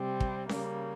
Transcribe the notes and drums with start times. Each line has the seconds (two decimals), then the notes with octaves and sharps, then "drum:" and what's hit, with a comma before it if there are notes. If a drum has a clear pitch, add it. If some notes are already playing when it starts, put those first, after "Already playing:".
Already playing: C3 G3 C4
0.20 drum: kick
0.49 C#3 G3 A#3, drum: snare C#4